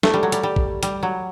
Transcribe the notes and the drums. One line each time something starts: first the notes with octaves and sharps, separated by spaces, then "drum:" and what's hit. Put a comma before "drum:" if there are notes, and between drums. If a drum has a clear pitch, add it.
A3, drum: snare
G3
F#3
G3, drum: hi-hat
G3
drum: kick A1
G3, drum: hi-hat
F#3